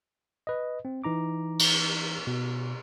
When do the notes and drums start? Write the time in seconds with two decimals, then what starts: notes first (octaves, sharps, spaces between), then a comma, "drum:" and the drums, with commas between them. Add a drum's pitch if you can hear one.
0.47 B4 D#5
0.85 C4
1.04 E3 D#4 A#5 D6
1.59 drum: cymbal
2.27 B2